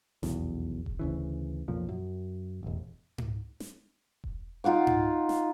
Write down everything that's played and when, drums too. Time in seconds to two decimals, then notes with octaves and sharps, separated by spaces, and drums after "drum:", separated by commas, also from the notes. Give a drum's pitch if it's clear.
0.23 F1 B1 E2, drum: snare
0.86 drum: kick E1
0.99 D2 C#3 E3
1.68 B1 F2 A#2 F3
1.89 F#2
2.63 E1 A1
3.18 drum: tom G#2
3.60 drum: snare
4.24 drum: kick E1
4.64 D#4 F4 F#5 D6
4.87 drum: tom G#2
5.29 drum: snare